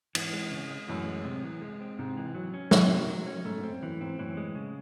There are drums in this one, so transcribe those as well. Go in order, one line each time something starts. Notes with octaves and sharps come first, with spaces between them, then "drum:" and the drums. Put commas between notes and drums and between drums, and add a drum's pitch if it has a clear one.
G#2 E3, drum: cymbal
G#3
C#3
G#3
F#2 A2 E3
G#3
C3
E3
G#3
C4
G#2 C3
E3
F#3
C#4
F#2 C3, drum: snare
F#3
F#3
C#4
G#2 A3
G#2
C4
F#2
F#2 E3
G#2 C4
F#2 A2 E3
G#3
C#3